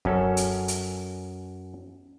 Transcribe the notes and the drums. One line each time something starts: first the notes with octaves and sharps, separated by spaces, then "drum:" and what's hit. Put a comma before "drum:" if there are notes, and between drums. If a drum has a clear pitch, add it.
F#2 C#4 A4, drum: kick
drum: hi-hat
drum: hi-hat